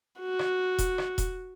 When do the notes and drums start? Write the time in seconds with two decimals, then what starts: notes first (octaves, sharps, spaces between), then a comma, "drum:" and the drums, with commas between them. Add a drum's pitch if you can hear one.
0.20 F#4
0.39 drum: rim click
0.78 drum: kick E1, hi-hat
0.98 drum: rim click
1.18 drum: kick E1, hi-hat